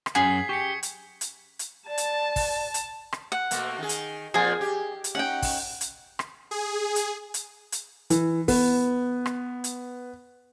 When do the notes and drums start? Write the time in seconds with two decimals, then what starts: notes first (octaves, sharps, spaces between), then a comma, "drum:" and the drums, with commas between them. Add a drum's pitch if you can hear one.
0.06 drum: rim click
0.15 F#2 C#4 G#4 F#5 G#6 B6 C7
0.49 G4 C#6 C#7
0.83 drum: hi-hat
1.21 drum: hi-hat
1.59 drum: hi-hat
1.88 D5 A5
1.98 drum: hi-hat
2.36 drum: kick, open hi-hat
2.74 drum: hi-hat
3.13 drum: rim click
3.32 F#5
3.51 B2 A3 A#3, drum: hi-hat
3.79 D#3 G#4
3.89 drum: hi-hat
4.34 A#2 F3 C4 G#4 G#5
4.61 G4
5.04 drum: hi-hat
5.15 C#4 D#4 F#5 G5
5.42 drum: kick, open hi-hat
5.81 drum: hi-hat
6.19 drum: rim click
6.51 G#4
6.96 drum: hi-hat
7.34 drum: hi-hat
7.72 drum: hi-hat
8.10 E3, drum: hi-hat
8.48 B3, drum: kick, open hi-hat
9.26 drum: rim click
9.64 drum: hi-hat